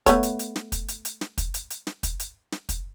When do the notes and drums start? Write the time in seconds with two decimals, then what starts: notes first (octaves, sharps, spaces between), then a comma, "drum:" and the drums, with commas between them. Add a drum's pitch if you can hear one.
0.06 A3 B3 C#5, drum: kick, hi-hat
0.23 drum: hi-hat
0.39 drum: hi-hat
0.56 drum: snare
0.72 drum: kick, hi-hat
0.88 drum: hi-hat
1.05 drum: hi-hat
1.21 drum: snare
1.38 drum: kick, hi-hat
1.54 drum: hi-hat
1.70 drum: hi-hat
1.87 drum: snare
2.03 drum: kick, hi-hat
2.20 drum: hi-hat
2.52 drum: snare
2.69 drum: kick, hi-hat